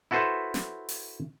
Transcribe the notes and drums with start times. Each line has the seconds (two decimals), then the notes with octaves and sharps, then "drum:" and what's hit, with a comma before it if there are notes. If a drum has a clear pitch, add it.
0.11 E4 F#4 A4 B4 C5 E5
0.54 drum: snare
0.89 drum: open hi-hat